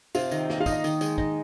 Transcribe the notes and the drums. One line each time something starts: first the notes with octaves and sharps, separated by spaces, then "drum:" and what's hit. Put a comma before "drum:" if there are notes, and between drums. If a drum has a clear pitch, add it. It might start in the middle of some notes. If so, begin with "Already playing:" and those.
C3 F4 F5, drum: tambourine
D#3, drum: tambourine
A#3 D#5, drum: snare
F4 F5
D#4, drum: kick, tambourine
D#5
D#3, drum: tambourine
G#3, drum: tambourine
D#4, drum: kick